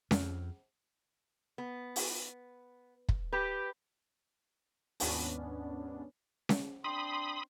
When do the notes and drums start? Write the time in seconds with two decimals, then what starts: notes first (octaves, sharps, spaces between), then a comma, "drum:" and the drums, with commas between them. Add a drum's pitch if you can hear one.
0.11 F2, drum: snare C#4
1.58 B3
1.96 drum: open hi-hat
3.09 drum: kick
3.33 G4 B4
5.00 D#2 G#2 B3 C#4 D4, drum: open hi-hat
6.49 drum: snare C#4
6.84 C4 D4 B5 C6 D#6